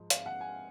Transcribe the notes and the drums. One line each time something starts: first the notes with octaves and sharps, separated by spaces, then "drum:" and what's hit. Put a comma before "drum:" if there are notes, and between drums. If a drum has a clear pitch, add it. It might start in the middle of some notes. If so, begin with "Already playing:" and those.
Already playing: G#2 F3
F5, drum: hi-hat
F#5
G#5